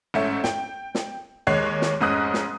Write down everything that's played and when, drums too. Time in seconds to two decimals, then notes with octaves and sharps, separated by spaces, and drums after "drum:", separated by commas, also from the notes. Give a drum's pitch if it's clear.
0.14 A1 G#2 A3 C#4 E5
0.44 G5, drum: snare
0.95 drum: snare
1.47 D#2 G#3 C#5 F#6 C7
1.82 drum: snare
2.01 F1 G#2 G#3 C#4 D#6 F#6
2.34 drum: snare